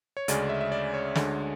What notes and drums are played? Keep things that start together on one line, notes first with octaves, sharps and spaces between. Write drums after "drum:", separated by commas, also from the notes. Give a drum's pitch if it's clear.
C#5
D2 C#3 G#3 C#4 D5, drum: hi-hat
E5
E5
D5
C#5
D2 D3 G#3, drum: snare